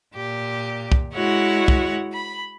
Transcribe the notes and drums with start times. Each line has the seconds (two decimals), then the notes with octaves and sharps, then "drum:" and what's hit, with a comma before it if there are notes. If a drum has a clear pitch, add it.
0.15 A#2 G4
0.92 drum: kick
1.14 G#3 E4 F#4 C#5 F#5
1.68 drum: kick
2.13 B5